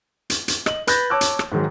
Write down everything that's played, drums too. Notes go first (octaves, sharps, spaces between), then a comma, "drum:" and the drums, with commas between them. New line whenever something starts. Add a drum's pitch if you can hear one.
drum: hi-hat
drum: hi-hat
D#5 F#7, drum: rim click
B4 B5 F#6 G6 A6 A#6, drum: hi-hat
C#5 A5 D6 E6 F#6
drum: hi-hat
drum: rim click
G#2 D#3 F#3 G#3